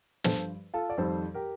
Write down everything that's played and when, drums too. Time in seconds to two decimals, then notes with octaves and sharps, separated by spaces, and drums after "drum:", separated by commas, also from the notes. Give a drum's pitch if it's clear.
0.24 G2 F3 A4 C5, drum: snare
0.74 F4 A4
0.90 D5
0.97 F2 D#3 G3 A4 C5
1.34 G4 A#4